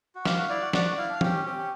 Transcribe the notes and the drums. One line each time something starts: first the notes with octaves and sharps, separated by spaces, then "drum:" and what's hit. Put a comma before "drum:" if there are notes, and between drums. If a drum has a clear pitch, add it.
F#4
G4 F5, drum: snare
F#4
E4 D5
F#4
F#4 D5, drum: snare
F#4
E4 F5
D4
C#4 G4, drum: tom E3
C4 G4
C#4